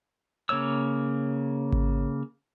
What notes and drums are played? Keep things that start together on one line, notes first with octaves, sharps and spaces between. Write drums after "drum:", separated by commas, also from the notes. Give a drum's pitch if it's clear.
C#3 A#3 C#5 E6
drum: kick G#1